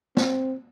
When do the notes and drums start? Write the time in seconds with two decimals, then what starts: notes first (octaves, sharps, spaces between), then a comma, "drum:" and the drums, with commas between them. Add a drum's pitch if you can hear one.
0.17 C4, drum: snare